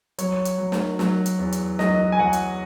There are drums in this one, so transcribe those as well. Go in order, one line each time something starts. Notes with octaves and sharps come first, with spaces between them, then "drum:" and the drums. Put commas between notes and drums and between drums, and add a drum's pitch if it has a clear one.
F#3 C#5, drum: hi-hat
drum: hi-hat
F#3
drum: snare
F#3, drum: snare
drum: hi-hat
E2
drum: hi-hat
F#3 D#5, drum: snare
G#5
F#3 F#5
drum: hi-hat